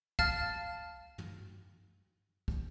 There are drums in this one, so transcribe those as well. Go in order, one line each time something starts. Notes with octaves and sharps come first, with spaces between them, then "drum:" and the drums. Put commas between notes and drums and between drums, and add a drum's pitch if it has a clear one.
F5 A5 F6 A6, drum: kick
drum: tom
drum: kick